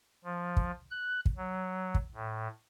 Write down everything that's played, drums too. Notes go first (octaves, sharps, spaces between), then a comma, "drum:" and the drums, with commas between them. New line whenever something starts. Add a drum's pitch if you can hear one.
F3
drum: kick
F#6
drum: kick
F#3
drum: kick
A2